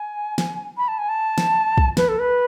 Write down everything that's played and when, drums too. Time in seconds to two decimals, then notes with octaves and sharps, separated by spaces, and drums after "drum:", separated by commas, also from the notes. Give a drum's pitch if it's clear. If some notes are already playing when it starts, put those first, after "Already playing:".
Already playing: G#5
0.38 drum: snare
0.77 B5
0.88 A5
0.99 G#5
1.09 A5
1.38 drum: snare
1.78 drum: kick
1.97 B4, drum: snare
2.09 A4
2.19 B4